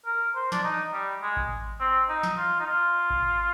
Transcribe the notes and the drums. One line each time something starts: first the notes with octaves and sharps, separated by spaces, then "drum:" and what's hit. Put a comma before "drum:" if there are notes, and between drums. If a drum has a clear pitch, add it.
A#4
C5
D4, drum: snare
D#4
G3
G#3
drum: kick A1
C4
D#4
drum: snare
F4
D#4
F4
drum: kick A1